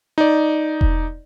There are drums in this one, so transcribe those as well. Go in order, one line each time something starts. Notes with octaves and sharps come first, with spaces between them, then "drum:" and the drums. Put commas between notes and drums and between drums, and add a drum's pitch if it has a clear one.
D#4 D5
drum: kick E1